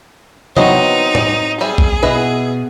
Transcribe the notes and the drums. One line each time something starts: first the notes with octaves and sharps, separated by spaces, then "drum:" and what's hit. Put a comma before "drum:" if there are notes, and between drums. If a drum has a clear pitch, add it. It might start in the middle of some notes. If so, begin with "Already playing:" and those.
E3 F#3 B3 C4 D#4 D#5, drum: tom C3
D5, drum: tom A2
G3 G#4 E5
drum: kick B1
B2 E4 B4 D#5